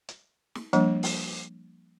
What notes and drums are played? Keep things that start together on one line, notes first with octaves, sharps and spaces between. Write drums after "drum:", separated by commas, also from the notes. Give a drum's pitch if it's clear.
drum: hi-hat
drum: snare
F3 G3 A#3 D4, drum: hi-hat
drum: open hi-hat